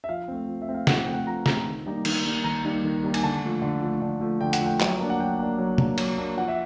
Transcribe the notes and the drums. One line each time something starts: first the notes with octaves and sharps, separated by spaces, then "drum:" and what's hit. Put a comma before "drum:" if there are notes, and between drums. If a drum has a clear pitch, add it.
E5
F3 F5
A3 C4
F3
E5
A3 C4
F5
F3 F#5, drum: snare
A3 C4 G5
F#5
F3 A#5
A3 C4 A#5, drum: snare
D#3
G3 A#3 D#4
D#3, drum: cymbal
G3 A#3 D#4
D#3 A#5
G3 A#3 D#4
D#3
G3 A#3 D#4
G#5, drum: cymbal
D3 A5
F3 A3
D3
F3 A3
D3
F3 A3
D3 G5
F#5, drum: hi-hat
F3 A3
G5
F#3, drum: clap
A#3 D4
F#5
F#3 G5
A#3 D4
F#3
A#3 D4, drum: tom
F#3, drum: cymbal
A#3 D4
F3 F#5
E5